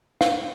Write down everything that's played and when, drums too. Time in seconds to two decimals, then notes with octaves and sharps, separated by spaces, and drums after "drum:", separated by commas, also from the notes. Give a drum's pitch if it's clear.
0.21 F5, drum: snare